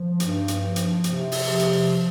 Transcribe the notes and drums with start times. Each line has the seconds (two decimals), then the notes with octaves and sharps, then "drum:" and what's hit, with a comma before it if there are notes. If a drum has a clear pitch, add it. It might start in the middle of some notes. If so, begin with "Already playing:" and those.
Already playing: F3
0.20 G2, drum: hi-hat
0.48 drum: hi-hat
0.62 F3
0.76 drum: hi-hat
1.04 C3, drum: hi-hat
1.32 drum: open hi-hat
1.46 F3
1.59 drum: hi-hat